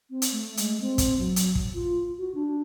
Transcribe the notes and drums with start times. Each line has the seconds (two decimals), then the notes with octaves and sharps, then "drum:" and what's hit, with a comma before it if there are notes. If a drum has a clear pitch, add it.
0.10 C4
0.22 drum: hi-hat
0.32 A3
0.57 G#3, drum: hi-hat
0.81 C4
0.98 drum: kick, hi-hat
1.18 F#3
1.36 drum: hi-hat
1.55 drum: kick
1.74 F4
2.18 F#4
2.35 D4